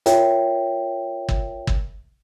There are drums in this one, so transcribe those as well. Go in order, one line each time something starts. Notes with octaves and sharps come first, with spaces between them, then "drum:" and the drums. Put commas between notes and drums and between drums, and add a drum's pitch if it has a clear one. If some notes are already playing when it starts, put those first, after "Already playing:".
F4 A#4 C#5 E5 G5, drum: hi-hat
drum: kick G1
drum: kick G1